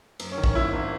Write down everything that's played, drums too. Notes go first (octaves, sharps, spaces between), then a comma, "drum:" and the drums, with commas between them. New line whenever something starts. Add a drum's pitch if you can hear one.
F#2, drum: cymbal
C#4
D#3
C#4, drum: kick
G#1 E4
G#1